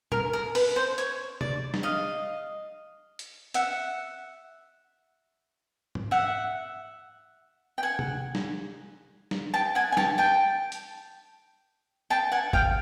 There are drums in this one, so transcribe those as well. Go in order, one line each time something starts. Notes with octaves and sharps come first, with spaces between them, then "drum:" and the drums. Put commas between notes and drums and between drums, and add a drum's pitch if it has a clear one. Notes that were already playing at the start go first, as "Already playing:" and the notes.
A#4, drum: tom
A#4
B4, drum: open hi-hat
C5
C#5, drum: hi-hat
D5, drum: tom C3
drum: snare
D#5 F5
drum: hi-hat
E5 F#5, drum: hi-hat
drum: tom G#2
E5 F#5
G5
F#5 G#5
drum: tom C3
drum: snare
drum: snare
G5 A5
F#5 G#5
G#5
G5 A5, drum: snare
G5 A5
drum: hi-hat
G5 A5
F#5 G#5
F5 G5, drum: kick